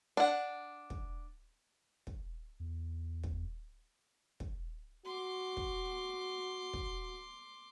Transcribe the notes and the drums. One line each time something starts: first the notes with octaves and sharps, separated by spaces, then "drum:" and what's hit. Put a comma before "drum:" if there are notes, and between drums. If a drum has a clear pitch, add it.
D4 F#5
drum: kick
drum: kick
E2
drum: kick
drum: kick
F#4 C6 D6
drum: kick
drum: kick